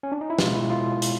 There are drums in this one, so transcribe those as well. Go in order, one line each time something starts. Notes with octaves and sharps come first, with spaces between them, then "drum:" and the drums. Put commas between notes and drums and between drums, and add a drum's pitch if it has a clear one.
C#4
D4
D#4
E4
B2 G#3 F4, drum: snare
E4
F4
drum: hi-hat